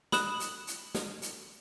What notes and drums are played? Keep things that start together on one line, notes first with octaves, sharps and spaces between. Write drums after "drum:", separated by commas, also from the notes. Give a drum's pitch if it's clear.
B5 D#6 F#6 E7, drum: snare
drum: hi-hat
drum: hi-hat
drum: snare
drum: hi-hat